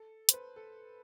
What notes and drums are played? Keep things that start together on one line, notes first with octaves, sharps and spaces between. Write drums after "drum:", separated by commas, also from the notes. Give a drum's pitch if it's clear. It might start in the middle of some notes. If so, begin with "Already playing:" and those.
Already playing: A4
C5, drum: hi-hat
B4
A4